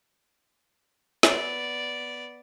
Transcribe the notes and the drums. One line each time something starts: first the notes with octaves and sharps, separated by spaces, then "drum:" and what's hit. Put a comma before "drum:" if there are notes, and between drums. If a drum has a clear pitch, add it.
B3 D5, drum: snare